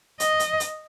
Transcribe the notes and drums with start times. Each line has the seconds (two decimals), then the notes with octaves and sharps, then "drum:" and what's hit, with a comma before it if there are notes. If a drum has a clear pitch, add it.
0.20 D#5, drum: hi-hat
0.40 drum: hi-hat
0.60 drum: hi-hat